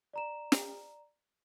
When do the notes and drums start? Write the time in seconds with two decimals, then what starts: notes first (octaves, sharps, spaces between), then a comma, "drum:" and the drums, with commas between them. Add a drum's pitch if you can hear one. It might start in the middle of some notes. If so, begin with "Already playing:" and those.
0.13 D5 A#5 E7
0.52 drum: snare